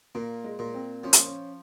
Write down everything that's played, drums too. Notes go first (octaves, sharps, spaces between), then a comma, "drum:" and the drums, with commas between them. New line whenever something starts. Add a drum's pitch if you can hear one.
A#2 A#3
G#3
A#2
C4
F3 C#4
drum: hi-hat
C#4